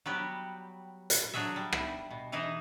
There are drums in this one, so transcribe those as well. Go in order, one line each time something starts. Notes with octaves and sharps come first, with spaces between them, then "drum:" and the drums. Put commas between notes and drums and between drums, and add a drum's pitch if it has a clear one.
F#3 G3 B3 F#4 G4
drum: hi-hat
F#3 D4 F#4 G#4 E5
G3
E4, drum: rim click
B2
E3 D#4 E4 G#4 D#5